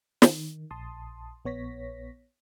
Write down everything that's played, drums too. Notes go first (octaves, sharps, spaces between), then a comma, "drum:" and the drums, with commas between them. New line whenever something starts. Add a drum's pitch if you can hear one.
D#3, drum: snare
A#1 A5 C6 D#6
A#1 B3 C#5 A#6 B6